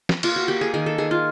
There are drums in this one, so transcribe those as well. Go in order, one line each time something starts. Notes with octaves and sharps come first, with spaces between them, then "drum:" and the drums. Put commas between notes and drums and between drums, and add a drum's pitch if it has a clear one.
drum: snare
A#3 F4, drum: cymbal
F#4
A#3 G4
G#4
D#3 G#4
A4
D#3 G#4
F4